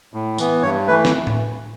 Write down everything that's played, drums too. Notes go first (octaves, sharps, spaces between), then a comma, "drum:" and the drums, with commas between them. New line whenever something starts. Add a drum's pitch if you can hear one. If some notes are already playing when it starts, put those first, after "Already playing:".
A2
E3 B3, drum: tambourine
G2 C#5
E3 A3 B4
drum: snare
drum: tom A2